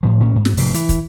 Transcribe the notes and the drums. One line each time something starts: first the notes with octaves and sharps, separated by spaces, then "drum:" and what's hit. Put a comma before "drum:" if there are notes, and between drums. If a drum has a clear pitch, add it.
A2 F3
A2 C#4
G#2
drum: snare
F1 G#2 C3, drum: open hi-hat
E3, drum: hi-hat
drum: kick, hi-hat